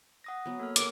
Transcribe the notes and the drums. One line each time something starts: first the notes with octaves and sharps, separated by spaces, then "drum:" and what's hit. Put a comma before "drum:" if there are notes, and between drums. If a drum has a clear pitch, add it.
F#5 D#6 A#6
F#3 B3
A#3 A4 F6
G#4 A#4 F#5 D6, drum: hi-hat